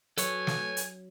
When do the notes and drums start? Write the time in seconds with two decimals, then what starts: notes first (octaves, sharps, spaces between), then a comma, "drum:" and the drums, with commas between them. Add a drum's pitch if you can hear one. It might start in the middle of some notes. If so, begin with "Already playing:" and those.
0.18 F#3 A4 B4 C#5 G#5, drum: hi-hat
0.47 drum: snare
0.77 drum: hi-hat